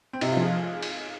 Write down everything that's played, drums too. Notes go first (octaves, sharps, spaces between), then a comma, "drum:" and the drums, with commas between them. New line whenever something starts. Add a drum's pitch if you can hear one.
C4
C3 D#4, drum: cymbal
F4
F3 G#4
drum: cymbal